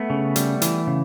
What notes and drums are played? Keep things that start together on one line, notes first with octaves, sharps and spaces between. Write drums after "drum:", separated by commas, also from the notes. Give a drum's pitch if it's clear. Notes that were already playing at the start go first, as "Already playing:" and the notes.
Already playing: A3 B3
C#3
G3, drum: hi-hat
E3, drum: hi-hat
C#3